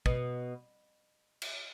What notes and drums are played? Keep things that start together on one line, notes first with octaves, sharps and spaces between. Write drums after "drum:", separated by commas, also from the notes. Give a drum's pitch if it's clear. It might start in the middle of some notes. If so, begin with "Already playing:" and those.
B2, drum: kick
drum: cymbal